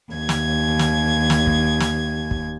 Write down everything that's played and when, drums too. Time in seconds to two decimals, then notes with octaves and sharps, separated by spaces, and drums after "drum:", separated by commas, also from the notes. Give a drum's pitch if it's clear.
0.12 D#2 G#6
0.29 drum: snare
0.79 drum: snare
1.30 drum: snare
1.47 drum: kick
1.80 drum: snare
2.31 drum: kick